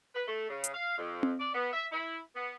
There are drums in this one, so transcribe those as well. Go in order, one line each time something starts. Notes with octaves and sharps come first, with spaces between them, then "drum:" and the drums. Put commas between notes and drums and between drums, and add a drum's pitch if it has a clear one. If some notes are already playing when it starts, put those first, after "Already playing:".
B4
A3
C#3
drum: hi-hat
F5
F2
drum: tom C4
D5
B3
E5
E4
B3